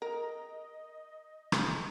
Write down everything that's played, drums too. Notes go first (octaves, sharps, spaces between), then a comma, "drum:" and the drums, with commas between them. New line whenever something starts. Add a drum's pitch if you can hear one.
A#4 D#5
drum: rim click